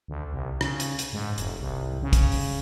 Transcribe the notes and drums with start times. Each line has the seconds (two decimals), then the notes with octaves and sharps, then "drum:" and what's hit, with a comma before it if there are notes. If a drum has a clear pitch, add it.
0.08 D2
0.33 C2
0.61 C#3, drum: rim click
0.80 drum: hi-hat
0.99 drum: hi-hat
1.13 G#2
1.38 F1, drum: hi-hat
1.60 C2
2.02 C#3
2.13 drum: kick, hi-hat
2.32 drum: open hi-hat